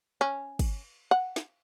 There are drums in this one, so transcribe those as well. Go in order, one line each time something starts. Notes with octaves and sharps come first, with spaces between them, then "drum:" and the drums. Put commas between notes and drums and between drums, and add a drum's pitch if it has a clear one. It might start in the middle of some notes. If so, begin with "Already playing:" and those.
C#4
drum: kick, cymbal
F#5
drum: snare